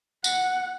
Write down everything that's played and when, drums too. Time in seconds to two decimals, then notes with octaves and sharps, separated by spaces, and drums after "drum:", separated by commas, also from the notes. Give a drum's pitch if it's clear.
0.24 F#5, drum: tambourine